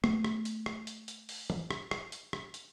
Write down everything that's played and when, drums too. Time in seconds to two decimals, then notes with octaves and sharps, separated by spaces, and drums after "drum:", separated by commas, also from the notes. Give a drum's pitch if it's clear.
0.04 A3 B3, drum: rim click
0.24 drum: rim click
0.45 drum: hi-hat
0.66 drum: rim click
0.87 drum: hi-hat
1.08 drum: hi-hat
1.29 drum: open hi-hat
1.50 drum: tom E3
1.71 drum: rim click
1.91 drum: rim click
2.12 drum: hi-hat
2.33 drum: rim click
2.54 drum: hi-hat